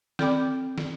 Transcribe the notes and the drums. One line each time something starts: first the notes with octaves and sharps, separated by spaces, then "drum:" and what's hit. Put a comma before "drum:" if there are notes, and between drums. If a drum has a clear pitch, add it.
C4 A4 D5 G5 B5 D6, drum: snare
drum: snare